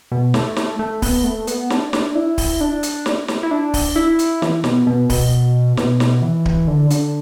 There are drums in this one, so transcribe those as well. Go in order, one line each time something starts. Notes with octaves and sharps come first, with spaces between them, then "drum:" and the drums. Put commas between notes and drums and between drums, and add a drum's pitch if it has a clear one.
B2
A3, drum: snare
drum: snare
A3
B3, drum: kick D1, open hi-hat
A3
B3, drum: hi-hat
D4, drum: snare
D4, drum: snare
E4
drum: kick D1, open hi-hat
D4
drum: hi-hat
drum: snare
drum: snare
E4
D4
drum: kick D1, open hi-hat
E4
drum: hi-hat
E3, drum: snare
B2, drum: snare
B2
B2, drum: kick D1, open hi-hat
B2, drum: snare
drum: snare
E3
drum: kick D1
D3
D3, drum: hi-hat